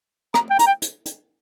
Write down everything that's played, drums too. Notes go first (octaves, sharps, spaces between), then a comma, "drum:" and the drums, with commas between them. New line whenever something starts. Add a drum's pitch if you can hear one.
A#5, drum: rim click
G5
A#5, drum: hi-hat
G5
drum: hi-hat
drum: hi-hat